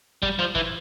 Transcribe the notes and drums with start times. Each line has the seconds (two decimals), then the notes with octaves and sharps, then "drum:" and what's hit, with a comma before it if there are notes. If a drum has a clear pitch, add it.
0.23 G3, drum: kick
0.39 F3
0.55 E3, drum: kick